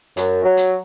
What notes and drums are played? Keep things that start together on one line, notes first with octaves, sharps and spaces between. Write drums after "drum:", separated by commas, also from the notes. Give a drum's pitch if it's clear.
F#2, drum: hi-hat
F#3
drum: hi-hat